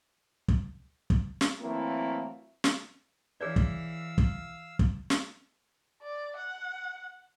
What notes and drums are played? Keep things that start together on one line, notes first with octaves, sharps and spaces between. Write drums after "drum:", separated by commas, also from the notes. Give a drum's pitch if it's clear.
drum: kick
drum: kick
drum: snare
E3 F#3 A3 A#3 C4 E4
drum: snare
E3 G#4 C#5 D5 F5 E6
drum: kick
drum: kick
drum: kick
drum: snare
D5
F#5